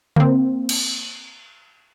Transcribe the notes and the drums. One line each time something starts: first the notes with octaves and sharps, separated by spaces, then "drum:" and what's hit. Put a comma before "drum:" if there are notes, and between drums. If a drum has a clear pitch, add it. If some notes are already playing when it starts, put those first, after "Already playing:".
A#3 C4, drum: tom C#3
drum: cymbal